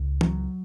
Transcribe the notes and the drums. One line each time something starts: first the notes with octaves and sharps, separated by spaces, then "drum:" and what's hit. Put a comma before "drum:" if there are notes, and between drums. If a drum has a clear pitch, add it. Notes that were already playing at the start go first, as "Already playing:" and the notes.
Already playing: C#2
F#3, drum: tom